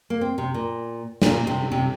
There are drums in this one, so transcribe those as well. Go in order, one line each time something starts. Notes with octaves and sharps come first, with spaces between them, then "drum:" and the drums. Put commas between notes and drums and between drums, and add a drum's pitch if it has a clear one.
A#3
C4
C3
A#2
A#2, drum: snare
C3
C3